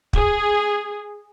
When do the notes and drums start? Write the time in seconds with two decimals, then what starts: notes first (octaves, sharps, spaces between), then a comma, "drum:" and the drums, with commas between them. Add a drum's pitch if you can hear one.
0.13 G#4, drum: kick